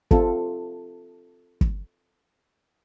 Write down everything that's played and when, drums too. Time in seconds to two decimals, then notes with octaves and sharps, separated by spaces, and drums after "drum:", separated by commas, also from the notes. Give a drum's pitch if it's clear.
0.11 C4 F4 A4, drum: kick
1.61 drum: kick